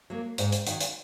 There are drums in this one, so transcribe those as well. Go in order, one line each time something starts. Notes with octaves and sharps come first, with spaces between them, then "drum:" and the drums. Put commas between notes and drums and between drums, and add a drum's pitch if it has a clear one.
F#3 A#3
G#2, drum: hi-hat
drum: hi-hat
D#3 F#3, drum: hi-hat
drum: hi-hat